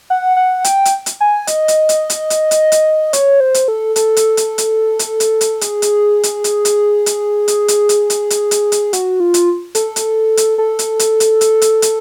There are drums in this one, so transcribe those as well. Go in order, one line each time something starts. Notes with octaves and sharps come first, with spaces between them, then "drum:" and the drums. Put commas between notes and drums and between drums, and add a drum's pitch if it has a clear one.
F#5
F#5
G5, drum: hi-hat
drum: hi-hat
drum: hi-hat
G#5
D#5, drum: hi-hat
drum: hi-hat
drum: hi-hat
drum: hi-hat
drum: hi-hat
drum: hi-hat
drum: hi-hat
C#5, drum: hi-hat
C5
drum: hi-hat
A4
A4, drum: hi-hat
drum: hi-hat
drum: hi-hat
drum: hi-hat
drum: hi-hat
drum: hi-hat
drum: hi-hat
G#4, drum: hi-hat
drum: hi-hat
drum: hi-hat
drum: hi-hat
drum: hi-hat
drum: hi-hat
drum: hi-hat
drum: hi-hat
drum: hi-hat
drum: hi-hat
drum: hi-hat
drum: hi-hat
drum: hi-hat
F#4, drum: hi-hat
F4
drum: hi-hat
A4, drum: hi-hat
drum: hi-hat
drum: hi-hat
A4
drum: hi-hat
drum: hi-hat
drum: hi-hat
drum: hi-hat
drum: hi-hat
drum: hi-hat